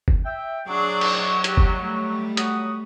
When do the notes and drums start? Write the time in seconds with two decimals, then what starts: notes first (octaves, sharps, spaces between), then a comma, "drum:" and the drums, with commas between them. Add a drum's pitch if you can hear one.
0.08 drum: kick
0.25 E5 G5
0.68 F#3 D4 G#4 D5
1.01 drum: cymbal
1.44 G4, drum: hi-hat
1.57 drum: kick
1.79 G3 A3
2.37 F#3 F#4 D#6, drum: hi-hat